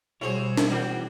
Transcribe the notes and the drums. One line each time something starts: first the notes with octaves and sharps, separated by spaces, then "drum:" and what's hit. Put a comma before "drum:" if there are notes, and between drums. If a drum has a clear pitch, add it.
B2 G3 E4 F#4 G#4 C5 C#5
drum: snare
E3 F#3 C4 F#4